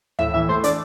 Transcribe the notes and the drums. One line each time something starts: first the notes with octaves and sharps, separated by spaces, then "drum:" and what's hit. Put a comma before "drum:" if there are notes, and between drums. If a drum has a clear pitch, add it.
A2 E5, drum: tom D2
E3 E5
A3 C5
D4 D5, drum: hi-hat